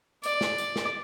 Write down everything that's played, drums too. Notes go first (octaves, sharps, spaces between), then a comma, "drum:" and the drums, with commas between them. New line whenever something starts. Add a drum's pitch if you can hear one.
D5, drum: tambourine
drum: snare
drum: tambourine
drum: snare